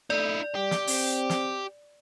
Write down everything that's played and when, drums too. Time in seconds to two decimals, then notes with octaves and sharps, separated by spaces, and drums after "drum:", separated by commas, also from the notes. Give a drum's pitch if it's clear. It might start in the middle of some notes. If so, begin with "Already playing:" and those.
0.10 A3 D#4 E4 D5
0.55 G3 G4
0.71 drum: snare
0.87 C4, drum: open hi-hat
1.30 drum: snare